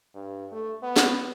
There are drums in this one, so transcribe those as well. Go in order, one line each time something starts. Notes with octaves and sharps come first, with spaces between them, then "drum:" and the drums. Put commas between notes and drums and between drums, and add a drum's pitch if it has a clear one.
G2
A3
B3
drum: snare